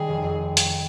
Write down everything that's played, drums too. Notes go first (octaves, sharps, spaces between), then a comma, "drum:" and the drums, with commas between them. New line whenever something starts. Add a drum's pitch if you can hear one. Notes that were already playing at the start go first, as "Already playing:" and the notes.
Already playing: D#3 G3 G#4
F1
F2
drum: hi-hat